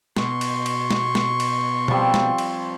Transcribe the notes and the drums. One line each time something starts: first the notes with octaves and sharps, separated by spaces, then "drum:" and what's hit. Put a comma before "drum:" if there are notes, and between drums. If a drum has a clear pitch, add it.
B2 C6 C#6, drum: snare G#3
drum: cymbal
drum: cymbal
drum: snare G#3
drum: snare G#3
drum: cymbal
F3 G3 C4, drum: tom B2
drum: snare G#3
drum: cymbal